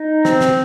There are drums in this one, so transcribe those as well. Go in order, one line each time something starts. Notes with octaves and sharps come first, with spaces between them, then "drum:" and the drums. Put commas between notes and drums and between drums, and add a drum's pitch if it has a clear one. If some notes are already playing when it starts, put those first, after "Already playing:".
Already playing: D#4
C4, drum: snare
drum: snare